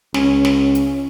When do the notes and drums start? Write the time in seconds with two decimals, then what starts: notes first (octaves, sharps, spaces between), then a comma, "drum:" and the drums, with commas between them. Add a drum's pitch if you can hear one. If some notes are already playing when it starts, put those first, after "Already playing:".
0.14 C#2 C#4, drum: snare
0.45 drum: snare
0.75 drum: hi-hat